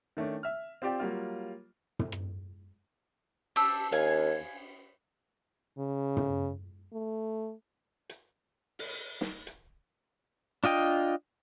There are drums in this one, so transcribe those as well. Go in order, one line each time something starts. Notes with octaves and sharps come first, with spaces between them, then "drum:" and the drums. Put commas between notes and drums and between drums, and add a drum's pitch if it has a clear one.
D#3 A3 C#4 D4
E5 F6
C4 F4 G4 D5 G5
F#3 G3 A#3 F4
drum: tom
drum: rim click
G4 A5 E6, drum: cymbal
D#2 F5 G#5, drum: hi-hat
C#3
drum: tom
A3
drum: hi-hat
drum: open hi-hat
drum: snare
drum: hi-hat
D4 F4 D#5 G5